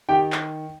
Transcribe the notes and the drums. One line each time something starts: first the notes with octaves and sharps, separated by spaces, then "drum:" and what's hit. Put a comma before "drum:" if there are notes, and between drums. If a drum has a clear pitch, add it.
D#3 G4 G5
drum: clap